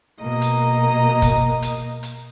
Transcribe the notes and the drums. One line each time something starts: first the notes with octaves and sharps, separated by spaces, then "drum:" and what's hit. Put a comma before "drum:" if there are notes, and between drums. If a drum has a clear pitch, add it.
B2 A#3 D#5 A#5
drum: hi-hat
drum: kick, hi-hat
drum: hi-hat
drum: hi-hat